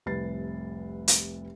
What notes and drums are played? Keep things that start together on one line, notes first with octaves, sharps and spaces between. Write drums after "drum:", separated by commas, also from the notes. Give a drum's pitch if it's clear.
F1 C2 B4 A6 C7
drum: hi-hat